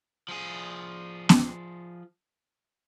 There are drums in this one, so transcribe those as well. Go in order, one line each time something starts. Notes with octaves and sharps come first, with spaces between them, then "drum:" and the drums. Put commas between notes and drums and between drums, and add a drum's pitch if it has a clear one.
F3 G#4
drum: snare B3